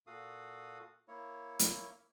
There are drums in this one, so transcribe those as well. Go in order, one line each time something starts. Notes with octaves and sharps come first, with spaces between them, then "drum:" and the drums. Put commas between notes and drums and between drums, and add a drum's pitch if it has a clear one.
A#2 F#4 A4 F5 D#6
A#3 E4 C#5
drum: hi-hat